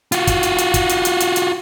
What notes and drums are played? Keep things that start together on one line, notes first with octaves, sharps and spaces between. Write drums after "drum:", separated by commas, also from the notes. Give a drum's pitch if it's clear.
F4 F#4, drum: hi-hat
drum: kick, hi-hat
drum: hi-hat
drum: hi-hat
drum: kick, hi-hat
drum: hi-hat
drum: hi-hat
drum: hi-hat
drum: hi-hat